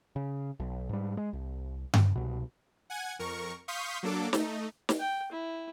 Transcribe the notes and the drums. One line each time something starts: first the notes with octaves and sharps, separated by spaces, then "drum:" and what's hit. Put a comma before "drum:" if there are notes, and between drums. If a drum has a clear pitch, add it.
C#3
B1
G#2 G3
G#3
C2
drum: tom G2
C2 B2
F#5 G#5 G#6
F2 A#4 C#6
F5 C6 C#6 D#6 G6 B6
F#3 A#3 D4 A4 D6
A3 D#4, drum: snare
drum: snare
G5
E4